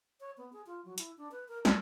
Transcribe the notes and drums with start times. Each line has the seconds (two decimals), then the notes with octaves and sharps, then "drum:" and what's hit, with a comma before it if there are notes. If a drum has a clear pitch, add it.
0.20 C#5
0.38 B3
0.53 G#4
0.66 F4
0.85 F#3
0.98 E4, drum: hi-hat
1.18 D4
1.31 B4
1.48 A#4
1.65 A3, drum: snare